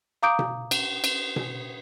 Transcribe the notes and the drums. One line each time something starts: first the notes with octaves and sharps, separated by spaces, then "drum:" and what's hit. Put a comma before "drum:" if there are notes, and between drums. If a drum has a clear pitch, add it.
F5 A#5 D6 D#6 G6 D7
drum: tom B2
drum: cymbal
drum: cymbal
drum: tom B2